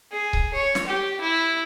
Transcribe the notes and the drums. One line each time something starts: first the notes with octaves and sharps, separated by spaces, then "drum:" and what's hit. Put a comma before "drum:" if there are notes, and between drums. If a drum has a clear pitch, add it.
G#4
drum: kick C#1
C#5
drum: snare
G4
E4